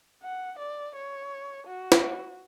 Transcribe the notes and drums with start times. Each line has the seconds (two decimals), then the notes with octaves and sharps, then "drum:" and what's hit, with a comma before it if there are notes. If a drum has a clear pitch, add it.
0.23 F#5
0.59 D5
0.95 C#5
1.67 F#4
1.92 drum: snare